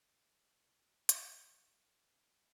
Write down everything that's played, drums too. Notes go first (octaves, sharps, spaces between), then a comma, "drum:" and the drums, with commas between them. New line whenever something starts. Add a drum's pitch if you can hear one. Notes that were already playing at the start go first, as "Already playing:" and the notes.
Already playing: B2 D3
C3 E3
drum: hi-hat